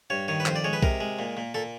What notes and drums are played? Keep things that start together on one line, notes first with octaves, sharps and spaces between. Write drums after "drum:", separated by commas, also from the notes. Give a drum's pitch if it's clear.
G2 C#5
D#3 C#5
B4
F2 C5, drum: clap
D5
G#3 C#5
B4
C3 A#4, drum: kick
G#3
A#2
A#2
A#2 A4